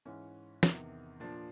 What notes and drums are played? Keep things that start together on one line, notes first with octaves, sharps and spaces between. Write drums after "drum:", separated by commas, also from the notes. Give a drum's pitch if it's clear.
G#2 E3 C#4
E2 C3 D#3, drum: snare
A#2 F3 D4